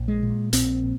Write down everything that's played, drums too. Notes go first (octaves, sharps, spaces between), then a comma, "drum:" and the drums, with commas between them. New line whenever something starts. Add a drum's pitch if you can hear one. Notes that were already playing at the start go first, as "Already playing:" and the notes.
Already playing: A#1
G#3
A#2
A#1 C4, drum: hi-hat
A#2